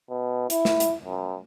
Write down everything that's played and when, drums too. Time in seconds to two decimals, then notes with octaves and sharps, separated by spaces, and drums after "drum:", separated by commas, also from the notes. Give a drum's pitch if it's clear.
0.10 B2
0.50 E4, drum: hi-hat
0.65 drum: snare
0.80 drum: hi-hat
1.04 F#2